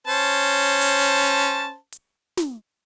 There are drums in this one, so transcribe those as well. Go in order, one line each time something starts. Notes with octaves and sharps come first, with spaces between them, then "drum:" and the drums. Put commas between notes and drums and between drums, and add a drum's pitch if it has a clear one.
C#4 C5 A5
drum: open hi-hat
drum: hi-hat
drum: hi-hat
drum: snare